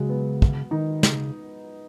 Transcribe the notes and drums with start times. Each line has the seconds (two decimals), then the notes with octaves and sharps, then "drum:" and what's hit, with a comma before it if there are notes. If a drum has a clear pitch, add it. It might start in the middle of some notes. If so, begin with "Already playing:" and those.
Already playing: C#3 F#3 G#3
0.09 B3
0.42 drum: kick
0.71 D#3 D#4
1.03 C#3, drum: snare